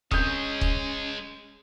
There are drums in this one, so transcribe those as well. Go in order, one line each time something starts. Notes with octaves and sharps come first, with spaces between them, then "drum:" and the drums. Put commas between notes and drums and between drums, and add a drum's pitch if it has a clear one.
G#3 C#4 C#5 D#6 G6, drum: kick
drum: kick